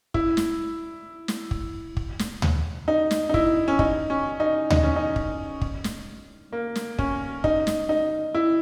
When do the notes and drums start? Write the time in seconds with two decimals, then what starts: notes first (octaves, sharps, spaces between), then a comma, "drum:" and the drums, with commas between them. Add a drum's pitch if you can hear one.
0.14 E4, drum: kick
0.37 drum: snare
1.28 drum: snare
1.51 drum: kick
1.97 drum: kick
2.19 drum: snare
2.42 drum: tom D2
2.88 D#4
3.11 drum: snare
3.29 D#4
3.34 E4, drum: kick
3.68 C#4
3.79 D#4, drum: kick
4.10 C#4
4.40 D#4
4.70 D#4, drum: tom D2
4.83 C#4
4.96 D#4
5.16 drum: kick
5.61 drum: kick
5.84 drum: snare
6.53 A#3
6.75 drum: snare
6.99 C#4, drum: kick
7.44 D#4, drum: kick
7.67 drum: snare
7.89 D#4
8.35 E4